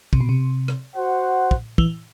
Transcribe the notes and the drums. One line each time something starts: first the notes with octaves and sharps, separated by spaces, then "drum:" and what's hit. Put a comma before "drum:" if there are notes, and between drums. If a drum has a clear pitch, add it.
C3, drum: kick
B2
C3
drum: rim click
F#4 C5 F#5
drum: kick
E3, drum: kick